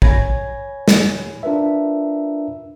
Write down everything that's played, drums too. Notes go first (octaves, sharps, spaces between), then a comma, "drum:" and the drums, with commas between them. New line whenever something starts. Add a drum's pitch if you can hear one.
C#5 G#5 B5 G#6 A#6, drum: kick
drum: snare
D4 F4 A#4 B4 E5